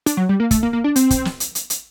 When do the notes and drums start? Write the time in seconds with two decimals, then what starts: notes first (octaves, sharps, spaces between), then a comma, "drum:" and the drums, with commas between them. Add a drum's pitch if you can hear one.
0.06 D4, drum: hi-hat
0.17 F#3
0.29 G3
0.40 A#3
0.51 A3, drum: kick, hi-hat
0.63 A#3
0.73 A#3
0.84 D4
0.96 C4, drum: hi-hat
1.10 drum: kick, hi-hat
1.25 drum: snare
1.40 drum: hi-hat
1.55 drum: hi-hat
1.70 drum: hi-hat